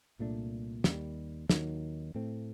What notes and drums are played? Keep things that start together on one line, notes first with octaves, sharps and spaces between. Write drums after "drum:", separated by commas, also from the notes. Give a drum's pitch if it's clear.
C2 A#2 A3 D4
D#2 D#3 G3, drum: snare
D#2 D#3 F#3, drum: snare
A2 A3 C4